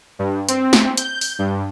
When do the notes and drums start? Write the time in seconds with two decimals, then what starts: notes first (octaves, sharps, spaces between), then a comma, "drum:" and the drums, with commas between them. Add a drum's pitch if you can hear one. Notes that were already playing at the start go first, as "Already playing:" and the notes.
0.19 G2
0.49 C4, drum: hi-hat
0.73 drum: snare
0.97 G6, drum: hi-hat
1.21 drum: open hi-hat
1.39 G2